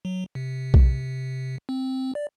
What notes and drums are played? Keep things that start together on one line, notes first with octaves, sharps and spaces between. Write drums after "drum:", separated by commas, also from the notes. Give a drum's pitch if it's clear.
F#3
C3
drum: kick B1
C4
D5